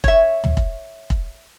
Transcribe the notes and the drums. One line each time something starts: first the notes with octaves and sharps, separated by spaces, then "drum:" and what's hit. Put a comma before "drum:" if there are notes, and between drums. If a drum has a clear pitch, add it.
C#5 E5, drum: kick
drum: tom
drum: kick
drum: kick